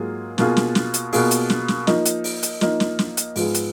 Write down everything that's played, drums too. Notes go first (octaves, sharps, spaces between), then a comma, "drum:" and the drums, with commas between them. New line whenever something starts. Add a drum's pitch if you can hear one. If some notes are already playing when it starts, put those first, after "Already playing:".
Already playing: G#2 F#3 A#3 F4 G#4
B2 A#3 F4 G#4, drum: snare
drum: snare
drum: snare
drum: hi-hat
B2 A#3 F4 G#4, drum: open hi-hat
drum: hi-hat
drum: snare
drum: snare
F3 A#3 D#4, drum: snare
drum: hi-hat
drum: open hi-hat
drum: hi-hat
F3 A#3 D#4, drum: snare
drum: snare
drum: snare
drum: hi-hat
G#2 F3 B3 F4 G#4, drum: open hi-hat
drum: hi-hat